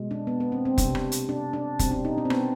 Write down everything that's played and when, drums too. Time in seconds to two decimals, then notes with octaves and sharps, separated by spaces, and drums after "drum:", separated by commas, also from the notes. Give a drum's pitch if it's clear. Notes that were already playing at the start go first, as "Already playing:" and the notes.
Already playing: B2 G#3
0.11 D4
0.27 B3
0.40 B3
0.52 C4
0.65 C4
0.78 C3 G3 D4, drum: kick, hi-hat
0.95 drum: rim click
1.12 drum: hi-hat
1.29 D4
1.53 D4
1.79 B2 G3 C4, drum: kick, hi-hat
1.91 D4
2.05 D#4
2.18 D4
2.25 C4
2.30 B3, drum: rim click